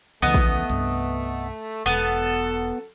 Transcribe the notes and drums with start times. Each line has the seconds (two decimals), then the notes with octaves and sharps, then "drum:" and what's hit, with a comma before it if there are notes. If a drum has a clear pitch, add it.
0.22 C#2 C#3 E3 A3 B3 D#5
0.34 drum: kick A#1
0.70 C2 G2, drum: hi-hat
1.86 E1 F#3 B3 A4